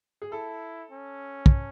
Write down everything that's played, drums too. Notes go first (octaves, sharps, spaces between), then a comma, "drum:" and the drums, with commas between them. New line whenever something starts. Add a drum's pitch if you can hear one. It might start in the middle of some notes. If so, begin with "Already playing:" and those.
G#4
E4 A4
C#4
drum: kick